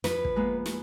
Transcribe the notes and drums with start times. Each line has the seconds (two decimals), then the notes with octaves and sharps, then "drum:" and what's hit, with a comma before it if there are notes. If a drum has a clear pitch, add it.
0.04 F2 B4, drum: snare
0.25 drum: kick
0.36 G#3 A#3 B3
0.66 drum: snare